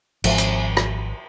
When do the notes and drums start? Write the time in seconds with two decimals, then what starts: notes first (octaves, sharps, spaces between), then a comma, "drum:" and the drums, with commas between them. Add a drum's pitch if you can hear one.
0.24 G#1 F3, drum: cymbal
0.38 drum: hi-hat
0.77 drum: rim click